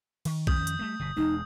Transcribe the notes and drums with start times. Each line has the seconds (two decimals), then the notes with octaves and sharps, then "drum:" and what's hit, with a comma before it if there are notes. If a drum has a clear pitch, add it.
0.25 D#3, drum: cymbal
0.47 F2 D#3 C#4 D#6 G6, drum: kick
0.67 drum: hi-hat
0.79 G3 A3 A#3
0.99 G1 B2
1.17 E1 E2 G#3 D#4